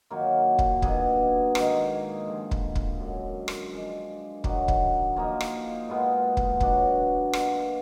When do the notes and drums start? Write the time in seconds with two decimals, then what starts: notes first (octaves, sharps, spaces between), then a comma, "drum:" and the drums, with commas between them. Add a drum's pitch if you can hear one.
0.10 D#3 F#3 A#3 F4
0.59 drum: kick
0.82 B2 A#3 D4 G#4, drum: kick
1.55 G#2 D#3 A#3 D#4, drum: rim click
2.27 D3 F3 G#3
2.51 drum: kick
2.75 drum: kick
3.00 F#2 D3 G#3
3.48 drum: rim click
3.72 F3 G#3 D4
4.44 D#3 F#3 D4, drum: kick
4.68 drum: kick
5.16 F3 A#3 D#4
5.41 drum: rim click
5.89 A#2 G#3 B3 F4
6.37 drum: kick
6.60 B2 F#3 D4 F#4, drum: kick
7.33 B2 A#3 F4, drum: rim click